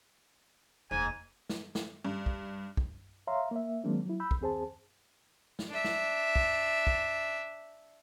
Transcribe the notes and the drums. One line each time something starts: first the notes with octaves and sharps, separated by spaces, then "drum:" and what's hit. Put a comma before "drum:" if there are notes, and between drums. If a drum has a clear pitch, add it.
F1 D#2 G#2 G#5
drum: snare
drum: snare
G2
drum: kick
drum: kick
C#5 E5 F5 A#5 C6
A#3 E5
D#3 F#3 G#3 A#3 C4 D4
F#3 E4
B5 E6 G6
drum: kick
D#2 C4 G#4 C5 A5
drum: snare
D4 E5
drum: snare
drum: kick
drum: kick